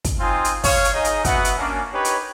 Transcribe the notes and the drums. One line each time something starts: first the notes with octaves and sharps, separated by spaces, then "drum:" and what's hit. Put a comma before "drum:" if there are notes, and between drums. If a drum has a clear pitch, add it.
drum: kick, hi-hat
C4 D#4 F4 G#5 C6 D#6
drum: hi-hat
C#5 F5, drum: kick, open hi-hat
drum: hi-hat
D#4 G#4 D#5
drum: hi-hat
B3 F#4 E5 F#5, drum: kick, hi-hat
drum: hi-hat
A#3 C#4 D4
D#4 G4 B4 C#5
drum: hi-hat